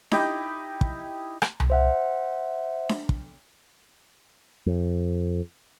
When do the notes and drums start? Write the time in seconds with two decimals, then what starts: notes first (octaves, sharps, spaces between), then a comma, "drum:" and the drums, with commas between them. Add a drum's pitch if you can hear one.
0.11 D#4 E4 G4 D#5, drum: snare D4
0.81 drum: kick
1.42 drum: rim click
1.60 drum: tom C2
1.70 C5 E5 F#5
2.89 drum: snare D4
3.09 drum: kick
4.66 F2